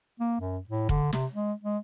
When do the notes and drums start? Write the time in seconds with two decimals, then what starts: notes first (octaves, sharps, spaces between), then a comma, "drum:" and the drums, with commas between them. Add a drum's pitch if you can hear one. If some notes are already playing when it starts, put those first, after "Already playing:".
0.20 A#3
0.40 F#2
0.69 A2
0.89 D3, drum: kick
1.13 C3, drum: snare
1.34 G#3
1.64 G#3